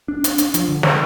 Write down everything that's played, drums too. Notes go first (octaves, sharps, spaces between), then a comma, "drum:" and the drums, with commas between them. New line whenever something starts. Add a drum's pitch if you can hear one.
D4
D4, drum: hi-hat
D4, drum: hi-hat
F3, drum: hi-hat
D3
D3, drum: snare